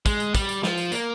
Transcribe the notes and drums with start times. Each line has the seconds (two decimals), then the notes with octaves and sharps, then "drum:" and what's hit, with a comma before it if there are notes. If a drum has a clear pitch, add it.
0.06 G#3, drum: kick, tambourine
0.20 drum: tambourine
0.35 G3, drum: kick, tambourine
0.49 drum: tambourine
0.63 F3, drum: snare
0.78 drum: tambourine
0.92 A#3, drum: tambourine